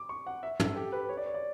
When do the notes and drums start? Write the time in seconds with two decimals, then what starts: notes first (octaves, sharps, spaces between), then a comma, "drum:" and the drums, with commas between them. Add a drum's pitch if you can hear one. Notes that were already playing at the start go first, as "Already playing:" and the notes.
Already playing: D6
0.09 C#6
0.27 F#5
0.43 E5
0.60 A4, drum: tom
0.76 G4
0.92 B4
1.09 C#5
1.17 D5
1.26 C#5
1.34 D5